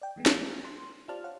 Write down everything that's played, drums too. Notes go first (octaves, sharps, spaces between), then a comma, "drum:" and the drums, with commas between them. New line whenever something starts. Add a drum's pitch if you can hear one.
D5 G5
E3 G#3 A3 B3
drum: snare
C6
F4 G4 C5 D5 A5 F6
C#5 F5 F#5